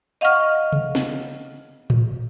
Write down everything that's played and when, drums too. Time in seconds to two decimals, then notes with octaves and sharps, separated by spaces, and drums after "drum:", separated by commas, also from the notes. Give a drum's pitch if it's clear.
0.21 D#5 F5 F#5 C#6 F6
0.72 drum: tom C3
0.95 drum: snare
1.90 drum: tom A2